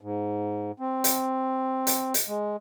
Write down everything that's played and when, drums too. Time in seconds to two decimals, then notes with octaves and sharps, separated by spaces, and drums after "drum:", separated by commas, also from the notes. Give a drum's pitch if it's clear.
0.01 G#2
0.80 C4
1.04 drum: hi-hat
1.87 drum: hi-hat
2.14 drum: hi-hat
2.28 G#3